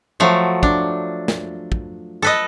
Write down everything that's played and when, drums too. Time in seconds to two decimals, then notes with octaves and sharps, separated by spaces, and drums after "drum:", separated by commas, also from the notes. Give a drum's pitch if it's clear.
0.20 F3 F#3 A3
0.63 D4, drum: kick
1.28 drum: snare
1.72 drum: kick
2.22 A4 B4 D#5